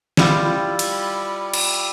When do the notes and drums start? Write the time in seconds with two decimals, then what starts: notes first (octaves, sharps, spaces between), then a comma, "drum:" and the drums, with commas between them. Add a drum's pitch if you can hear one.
0.17 G3 E4 F4 G5, drum: snare
0.79 drum: cymbal
1.54 drum: cymbal